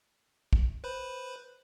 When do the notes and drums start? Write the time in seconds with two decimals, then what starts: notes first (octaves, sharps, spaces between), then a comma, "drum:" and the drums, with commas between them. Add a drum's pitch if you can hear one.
0.53 drum: kick
0.84 B4 C5 B5